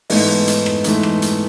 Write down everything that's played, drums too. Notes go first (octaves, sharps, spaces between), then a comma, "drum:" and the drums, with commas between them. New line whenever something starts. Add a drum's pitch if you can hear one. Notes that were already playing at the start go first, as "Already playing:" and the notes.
G#2 E3 A3 B3 D#4, drum: open hi-hat
drum: hi-hat
drum: rim click
G#2 E3 A3, drum: hi-hat
drum: rim click
drum: hi-hat